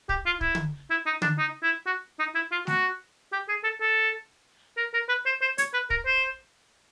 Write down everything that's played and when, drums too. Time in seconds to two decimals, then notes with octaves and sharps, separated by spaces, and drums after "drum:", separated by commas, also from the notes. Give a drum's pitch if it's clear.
0.09 G4, drum: kick
0.26 F4
0.41 E4, drum: kick
0.55 drum: tom D3
0.90 E4
1.06 D#4
1.22 D4, drum: tom D3
1.38 D#4
1.63 E4
1.86 F#4
2.19 D#4
2.35 E4
2.52 F4
2.67 F#4, drum: snare A3
3.32 G4
3.48 G#4
3.63 A4
3.81 A4
4.77 A#4
4.93 A#4
5.09 B4
5.26 C5
5.41 C5
5.58 C#5, drum: hi-hat
5.73 B4
5.90 A#4, drum: kick
6.06 C5